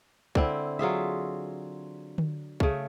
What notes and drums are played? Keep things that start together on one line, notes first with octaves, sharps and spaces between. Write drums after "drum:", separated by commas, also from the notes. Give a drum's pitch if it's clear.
D3 C4 E4, drum: kick
F#3 F4 G#4 E5
drum: tom D3
C#3 A3, drum: kick